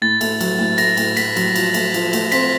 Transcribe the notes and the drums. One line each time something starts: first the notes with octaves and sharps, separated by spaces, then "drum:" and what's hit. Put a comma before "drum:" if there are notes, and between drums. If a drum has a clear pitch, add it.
A2 A6
A3, drum: cymbal
F#3, drum: cymbal
A2
A3 A#6, drum: cymbal
A2, drum: cymbal
A2 B6, drum: cymbal
F#3, drum: cymbal
F3, drum: cymbal
A3, drum: cymbal
F3, drum: cymbal
A3, drum: cymbal
C4 B6, drum: cymbal